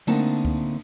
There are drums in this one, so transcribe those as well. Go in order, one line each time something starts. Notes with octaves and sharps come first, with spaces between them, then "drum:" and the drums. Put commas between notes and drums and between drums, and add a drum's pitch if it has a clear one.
D3 A3 A#3 C4 D#4 A5, drum: cymbal
drum: kick C#2